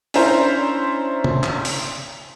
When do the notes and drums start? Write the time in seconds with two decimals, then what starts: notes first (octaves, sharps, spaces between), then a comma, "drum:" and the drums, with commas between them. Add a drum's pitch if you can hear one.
0.14 C#4 D4 E4 C5 A#5, drum: open hi-hat
1.24 drum: tom
1.43 drum: clap
1.65 drum: open hi-hat